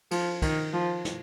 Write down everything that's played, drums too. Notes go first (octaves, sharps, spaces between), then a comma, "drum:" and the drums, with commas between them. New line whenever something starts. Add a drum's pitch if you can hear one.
F3, drum: cymbal
D#3, drum: kick, cymbal
F3
drum: snare